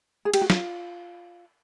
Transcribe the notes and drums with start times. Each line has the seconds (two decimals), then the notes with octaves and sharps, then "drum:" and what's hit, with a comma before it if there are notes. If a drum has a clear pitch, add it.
0.25 G#4
0.34 G4, drum: cymbal
0.42 F#4
0.50 F4, drum: snare